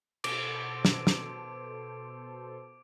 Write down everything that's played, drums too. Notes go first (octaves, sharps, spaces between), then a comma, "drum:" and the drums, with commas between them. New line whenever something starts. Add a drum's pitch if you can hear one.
B2 A4 C5 D6 D7, drum: cymbal
drum: snare
drum: snare